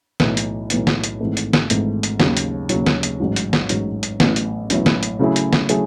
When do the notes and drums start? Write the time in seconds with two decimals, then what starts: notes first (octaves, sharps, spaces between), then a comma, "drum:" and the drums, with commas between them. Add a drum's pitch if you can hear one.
0.20 B1 A2 E3, drum: snare
0.37 drum: hi-hat
0.70 B1 A2 E3, drum: hi-hat
0.87 drum: snare
1.04 drum: hi-hat
1.20 G#1 G#2 E3 A3
1.37 drum: hi-hat
1.53 drum: snare
1.70 G#1 G#2 E3 A3, drum: hi-hat
2.03 drum: hi-hat
2.20 D#2 C#3 F#3, drum: snare
2.37 drum: hi-hat
2.69 D#2 C#3 F#3, drum: hi-hat
2.86 drum: snare
3.03 drum: hi-hat
3.20 A1 G#2 F#3
3.36 drum: hi-hat
3.53 drum: snare
3.69 A1 G#2 F#3, drum: hi-hat
4.03 drum: hi-hat
4.20 A1 A2 F#3 B3 E4, drum: snare
4.36 drum: hi-hat
4.70 A1 A2 F#3 B3 E4, drum: hi-hat
4.86 drum: snare
5.03 drum: hi-hat
5.19 C#3 F#3 A3 E4 G#4
5.36 drum: hi-hat
5.53 drum: snare
5.69 C#3 F#3 A3 E4 G#4, drum: hi-hat